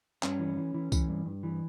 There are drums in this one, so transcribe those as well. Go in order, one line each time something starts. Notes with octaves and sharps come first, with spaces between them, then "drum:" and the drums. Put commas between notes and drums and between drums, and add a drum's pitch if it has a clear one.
G2 C#4, drum: clap
E3
E3
E3
E3, drum: kick C2, tambourine
G2
G2
E3